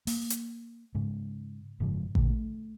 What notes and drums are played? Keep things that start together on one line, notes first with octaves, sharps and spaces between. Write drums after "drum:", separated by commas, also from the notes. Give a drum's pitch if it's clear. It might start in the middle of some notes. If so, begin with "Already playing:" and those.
A#3, drum: open hi-hat
drum: hi-hat
G#2 C#3
F#1 G#2 C#3 F3
A#2 D3 A3, drum: kick A1
A3